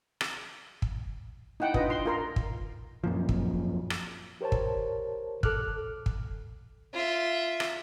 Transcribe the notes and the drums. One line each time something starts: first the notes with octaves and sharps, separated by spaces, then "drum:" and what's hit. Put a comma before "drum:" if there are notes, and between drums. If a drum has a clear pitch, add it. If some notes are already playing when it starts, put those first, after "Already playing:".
drum: rim click
drum: kick
D#4 E4 F#5 G5
D4 F4 B4 D#5, drum: kick
C6
F4 A#4 C6
drum: kick
F#2 A#2 F3
drum: kick
drum: rim click
G4 A#4 C5 C#5 A5
drum: kick
A4 D6 F6 F#6, drum: kick
drum: kick
F4 E5
drum: rim click